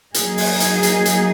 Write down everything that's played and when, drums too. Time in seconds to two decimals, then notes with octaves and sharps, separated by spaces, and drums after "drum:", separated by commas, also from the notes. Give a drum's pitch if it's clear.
0.14 F#3 A#3 D#4 G#4, drum: hi-hat
0.38 drum: open hi-hat
0.60 drum: hi-hat
0.83 drum: hi-hat
1.06 drum: hi-hat